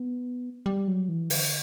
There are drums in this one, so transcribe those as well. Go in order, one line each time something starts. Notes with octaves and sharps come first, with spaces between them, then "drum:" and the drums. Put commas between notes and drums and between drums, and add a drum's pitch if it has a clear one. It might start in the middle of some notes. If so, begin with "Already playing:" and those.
Already playing: B3
G3
F#3
E3
D3, drum: open hi-hat